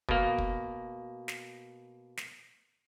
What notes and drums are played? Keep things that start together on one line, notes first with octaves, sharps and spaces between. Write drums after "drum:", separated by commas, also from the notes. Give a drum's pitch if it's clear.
B2 A#3, drum: kick
drum: kick
drum: snare
drum: snare